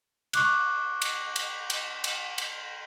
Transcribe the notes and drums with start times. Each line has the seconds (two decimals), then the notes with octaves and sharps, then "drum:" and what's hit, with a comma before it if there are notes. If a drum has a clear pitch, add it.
0.33 C#6 D6 F#6, drum: cymbal
1.02 drum: cymbal
1.36 drum: cymbal
1.70 drum: cymbal
2.04 drum: cymbal
2.38 drum: cymbal